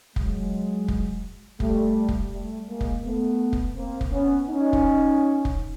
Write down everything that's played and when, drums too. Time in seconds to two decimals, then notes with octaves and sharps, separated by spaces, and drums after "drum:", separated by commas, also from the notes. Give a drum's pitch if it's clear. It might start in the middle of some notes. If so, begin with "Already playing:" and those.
0.16 F#3 G#3, drum: kick
0.88 drum: kick
1.60 G3 A3, drum: kick
2.08 drum: kick
2.32 G3 A3
2.68 G#3 A#3
2.81 drum: kick
3.04 A3 B3
3.53 drum: kick
3.76 A#3 C4
4.01 drum: kick
4.12 B3 C#4
4.49 C#4 D#4
4.73 drum: kick
5.45 drum: kick